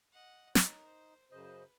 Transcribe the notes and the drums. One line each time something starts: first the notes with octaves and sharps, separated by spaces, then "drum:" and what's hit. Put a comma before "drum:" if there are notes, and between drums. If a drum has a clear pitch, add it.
D#5 F#5
D#4 A#4 C#5, drum: snare
C5
F#2 C#3 B4 C5 D#5